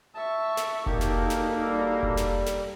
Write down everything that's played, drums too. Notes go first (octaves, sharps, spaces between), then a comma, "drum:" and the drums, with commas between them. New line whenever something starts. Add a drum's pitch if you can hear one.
E5 A5 C#6
drum: snare
A#3 D4 D#4 F#4 G4 A4 A#4, drum: kick F1
drum: snare
drum: snare
G3
drum: kick F1
drum: snare
drum: snare